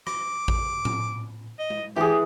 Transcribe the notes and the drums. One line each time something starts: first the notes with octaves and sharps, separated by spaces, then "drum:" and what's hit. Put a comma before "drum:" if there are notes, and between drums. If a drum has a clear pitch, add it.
D6, drum: rim click
drum: kick A1
drum: tom A2
D#5
drum: tom G#3
E3 G4 G#4